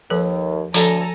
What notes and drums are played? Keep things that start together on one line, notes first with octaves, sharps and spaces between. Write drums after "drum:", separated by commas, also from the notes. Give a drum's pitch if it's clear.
D#2 F3 A4 B4
D2 F3 A4 G#5 A#5, drum: open hi-hat